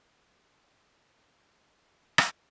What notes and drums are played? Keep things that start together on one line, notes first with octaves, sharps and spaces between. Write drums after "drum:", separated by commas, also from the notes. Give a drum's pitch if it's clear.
G#4
E3
C5
drum: rim click
F3